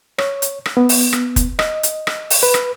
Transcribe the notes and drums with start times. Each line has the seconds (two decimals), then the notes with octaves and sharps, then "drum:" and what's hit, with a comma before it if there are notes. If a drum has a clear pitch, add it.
0.18 C#5, drum: rim click
0.42 drum: hi-hat
0.66 drum: rim click
0.77 B3
0.89 drum: open hi-hat
1.13 drum: rim click
1.36 drum: kick F1, hi-hat
1.59 D#5, drum: rim click
1.83 drum: hi-hat
2.07 drum: rim click
2.30 drum: open hi-hat
2.43 B4
2.54 drum: rim click